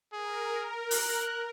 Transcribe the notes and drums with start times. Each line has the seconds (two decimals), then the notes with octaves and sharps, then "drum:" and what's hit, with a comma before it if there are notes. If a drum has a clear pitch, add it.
0.14 G#4 A#4
0.91 F#6, drum: open hi-hat